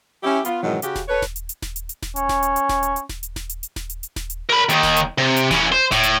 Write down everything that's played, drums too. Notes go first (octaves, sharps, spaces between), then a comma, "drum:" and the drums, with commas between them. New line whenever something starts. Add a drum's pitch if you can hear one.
C#4 E4 G4
B3 F4, drum: hi-hat
F2 G#2 B2 D#3 E3 F#3
C#3 F#4 G4, drum: hi-hat
drum: snare D#1
A4 B4 C#5
drum: snare D#1
drum: hi-hat
drum: hi-hat
drum: snare D#1
drum: hi-hat
drum: hi-hat
drum: snare D#1
C#4, drum: hi-hat
drum: snare D#1
drum: hi-hat
drum: hi-hat
drum: snare D#1
drum: hi-hat
drum: hi-hat
drum: snare D#1
drum: hi-hat
drum: snare D#1
drum: hi-hat
drum: hi-hat
drum: snare D#1
drum: hi-hat
drum: hi-hat
drum: snare D#1
drum: hi-hat
A#4 B5
D#2 D#3, drum: hi-hat
drum: snare D#1
drum: hi-hat
C3
drum: hi-hat
E3 C#4, drum: snare D#1
C5
A2, drum: snare D#1
drum: hi-hat